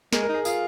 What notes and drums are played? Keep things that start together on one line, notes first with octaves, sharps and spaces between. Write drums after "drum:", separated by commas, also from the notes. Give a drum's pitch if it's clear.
G#3 A#4, drum: snare
A#4
D#4
G#4
F4 G#4, drum: tambourine